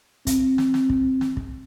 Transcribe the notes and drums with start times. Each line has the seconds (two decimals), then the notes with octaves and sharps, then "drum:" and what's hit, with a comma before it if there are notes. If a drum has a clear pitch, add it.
0.27 C4, drum: kick, hi-hat
0.58 drum: snare
0.74 drum: snare
0.90 drum: kick
1.21 drum: snare
1.37 drum: kick